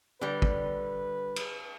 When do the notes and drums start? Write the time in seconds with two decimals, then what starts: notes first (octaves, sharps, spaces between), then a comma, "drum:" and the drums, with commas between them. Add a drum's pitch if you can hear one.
0.21 D3 G3 B4
0.42 drum: kick
1.36 drum: cymbal